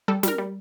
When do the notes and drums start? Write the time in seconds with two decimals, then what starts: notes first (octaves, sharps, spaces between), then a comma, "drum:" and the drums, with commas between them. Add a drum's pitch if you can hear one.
0.08 G3 A4
0.23 G3 A#4, drum: snare
0.38 G3